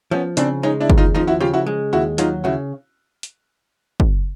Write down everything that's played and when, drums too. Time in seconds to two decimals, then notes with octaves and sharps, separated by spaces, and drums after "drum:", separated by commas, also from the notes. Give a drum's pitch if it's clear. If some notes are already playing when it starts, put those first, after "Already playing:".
0.11 F3 B3 C#4
0.37 C#3 C4 D4, drum: hi-hat
0.63 G#3 C#4 D#4
0.80 D4 E4
0.90 D#2, drum: kick
0.98 D#4 F4
1.15 F3 D#4 F4
1.27 E4 F#4
1.40 C#3 F4 G4
1.53 E4 F#4
1.66 G#3
1.93 D#2 E4 F#4
2.18 F#3 D#4 F4, drum: hi-hat
2.44 C#3 E4 F#4
3.23 drum: hi-hat
4.00 drum: kick